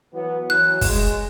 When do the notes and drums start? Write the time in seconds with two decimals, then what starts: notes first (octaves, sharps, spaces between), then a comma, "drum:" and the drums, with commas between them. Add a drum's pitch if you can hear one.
0.14 E3 F#3 B3
0.50 E3 F#3 F#6
0.81 G#3, drum: kick, open hi-hat